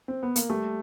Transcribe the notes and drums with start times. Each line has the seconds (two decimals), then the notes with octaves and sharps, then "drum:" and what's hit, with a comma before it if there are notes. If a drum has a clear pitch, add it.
0.08 C4
0.23 B3
0.36 A#3, drum: hi-hat
0.50 G3 A3